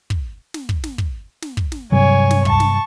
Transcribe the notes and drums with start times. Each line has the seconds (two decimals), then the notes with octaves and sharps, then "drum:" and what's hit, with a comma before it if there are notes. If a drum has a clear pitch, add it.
0.10 drum: kick
0.54 drum: snare
0.69 drum: kick
0.84 drum: snare
0.98 drum: kick
1.42 drum: snare
1.57 drum: kick
1.72 drum: snare
1.92 G2 C3 F#3 C#5 G#5
2.31 drum: snare
2.45 A5 C#6, drum: kick
2.60 drum: snare